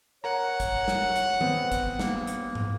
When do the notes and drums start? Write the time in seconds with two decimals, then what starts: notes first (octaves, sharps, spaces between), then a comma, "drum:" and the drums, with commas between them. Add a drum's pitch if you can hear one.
0.24 A#4 C#5 F#5 A#5
0.60 drum: kick, hi-hat
0.88 drum: snare
1.16 drum: hi-hat
1.41 B3 C4, drum: tom D#3
1.72 drum: kick, hi-hat
2.00 A#3, drum: snare
2.27 drum: hi-hat
2.55 drum: tom